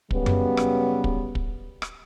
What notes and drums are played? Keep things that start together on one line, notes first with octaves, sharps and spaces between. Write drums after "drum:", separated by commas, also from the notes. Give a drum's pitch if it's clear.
C#3 F#3 G3 B3, drum: kick
drum: tom F#2
drum: rim click
drum: kick
drum: kick
drum: rim click